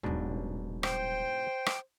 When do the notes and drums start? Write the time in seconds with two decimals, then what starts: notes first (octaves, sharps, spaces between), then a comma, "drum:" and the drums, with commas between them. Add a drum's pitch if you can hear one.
0.03 D#1 G#2 B2 F#3 D4
0.83 C5 G5, drum: rim click
1.66 drum: rim click